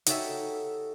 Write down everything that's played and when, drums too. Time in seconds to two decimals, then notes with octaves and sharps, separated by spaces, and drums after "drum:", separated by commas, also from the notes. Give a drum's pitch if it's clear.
0.06 D#4 F#4 G4 A4 C#5 E5, drum: hi-hat